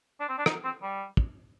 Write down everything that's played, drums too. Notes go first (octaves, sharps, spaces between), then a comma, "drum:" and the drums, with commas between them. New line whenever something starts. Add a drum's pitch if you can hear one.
D4
C4
D4
D#4, drum: rim click
C4
G3
drum: kick